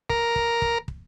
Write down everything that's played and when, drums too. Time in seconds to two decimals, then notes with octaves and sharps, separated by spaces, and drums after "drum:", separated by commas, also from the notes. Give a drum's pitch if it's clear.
0.10 A#4, drum: kick
0.36 drum: kick
0.62 drum: kick
0.88 drum: kick